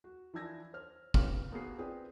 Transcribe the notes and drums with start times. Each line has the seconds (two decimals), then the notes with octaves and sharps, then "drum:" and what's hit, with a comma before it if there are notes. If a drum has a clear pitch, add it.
0.04 F#4
0.34 E3 F3 D4 E6 G#6 A#6
0.74 C5 F6
1.14 G4 B4 C#5 F5 F6, drum: kick
1.51 D#2 A#3 B3 F#4 G#4 C7
1.78 C4 F4 G#4 B4 D5 G5